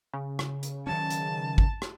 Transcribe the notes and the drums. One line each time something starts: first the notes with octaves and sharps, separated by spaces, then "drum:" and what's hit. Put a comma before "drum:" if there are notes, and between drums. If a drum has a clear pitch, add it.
C#3
drum: rim click
drum: hi-hat
D#3 F#3 C#4 A5
drum: hi-hat
drum: kick G#1
drum: rim click